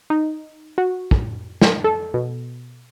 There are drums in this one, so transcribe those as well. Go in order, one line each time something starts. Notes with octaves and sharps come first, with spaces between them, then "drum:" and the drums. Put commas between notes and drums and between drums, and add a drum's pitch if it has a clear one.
D#4
F#4
drum: kick
drum: snare
A4
B2